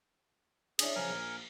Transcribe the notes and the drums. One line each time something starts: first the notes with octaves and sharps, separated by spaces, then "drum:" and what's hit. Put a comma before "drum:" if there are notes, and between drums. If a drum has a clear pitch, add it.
C#4 D4 E4 G#4, drum: cymbal
C#3 F3 C#4 A#4 G#5
A#1